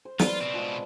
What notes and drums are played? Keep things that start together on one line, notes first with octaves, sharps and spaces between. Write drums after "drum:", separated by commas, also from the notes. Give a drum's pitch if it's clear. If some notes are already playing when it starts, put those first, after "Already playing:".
C5
F4 B4 D5, drum: snare
B2 C4
F3 G#3